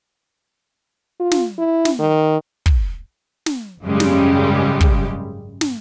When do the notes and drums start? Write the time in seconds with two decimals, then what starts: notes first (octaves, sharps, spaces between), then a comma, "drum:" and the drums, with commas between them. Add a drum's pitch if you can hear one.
1.20 F4
1.31 drum: snare
1.58 E4
1.85 drum: snare
1.99 D#3
2.66 drum: kick
3.46 drum: snare
3.84 G#1 F#2 C#3 G3 G#3 G4
4.00 drum: snare
4.81 drum: kick
5.61 drum: snare